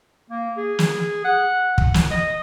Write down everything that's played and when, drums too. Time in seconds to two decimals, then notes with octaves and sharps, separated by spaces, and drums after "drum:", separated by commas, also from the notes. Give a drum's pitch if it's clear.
0.30 A#3
0.57 G#4
0.79 drum: snare
1.24 F#5
1.78 drum: kick
1.94 drum: snare
2.11 D#5